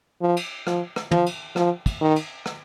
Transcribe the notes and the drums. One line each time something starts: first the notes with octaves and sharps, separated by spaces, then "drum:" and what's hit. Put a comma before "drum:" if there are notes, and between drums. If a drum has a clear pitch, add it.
F3
drum: cymbal
F3, drum: rim click
drum: rim click
F3, drum: tom
drum: cymbal
F3, drum: rim click
drum: kick, cymbal
D#3
drum: cymbal
drum: rim click